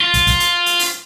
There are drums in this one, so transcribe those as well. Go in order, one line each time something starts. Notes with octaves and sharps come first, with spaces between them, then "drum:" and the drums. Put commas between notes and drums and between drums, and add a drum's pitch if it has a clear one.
F4
drum: kick, hi-hat
drum: kick, hi-hat
drum: hi-hat
drum: hi-hat
drum: open hi-hat